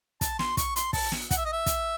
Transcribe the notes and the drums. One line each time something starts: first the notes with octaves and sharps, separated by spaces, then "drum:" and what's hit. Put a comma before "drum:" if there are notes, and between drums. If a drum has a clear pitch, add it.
A5, drum: kick, hi-hat
C6, drum: snare
C#6, drum: kick, hi-hat
C6, drum: hi-hat
A5, drum: kick, open hi-hat
drum: snare
F#5, drum: kick, hi-hat
E5
D#5
E5
drum: kick, hi-hat